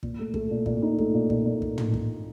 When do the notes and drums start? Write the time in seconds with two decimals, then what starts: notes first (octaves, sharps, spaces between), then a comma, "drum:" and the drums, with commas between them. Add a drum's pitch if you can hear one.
0.03 A#2, drum: kick
0.19 A3
0.34 A3, drum: kick
0.51 A#2
0.66 A#2, drum: kick
0.82 D#4
0.98 A3, drum: kick
1.14 A#2
1.30 A#2, drum: kick
1.46 A#2
1.62 drum: kick
1.78 drum: tom
1.94 drum: kick